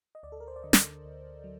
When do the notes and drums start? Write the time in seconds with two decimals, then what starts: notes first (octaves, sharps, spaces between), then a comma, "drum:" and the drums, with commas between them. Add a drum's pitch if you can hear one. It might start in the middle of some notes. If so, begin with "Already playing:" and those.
0.15 D#5
0.23 D2 D5
0.32 A4
0.40 A#4
0.48 C5
0.56 D5
0.63 D3 D#5
0.73 drum: snare
1.04 D2
1.44 F#3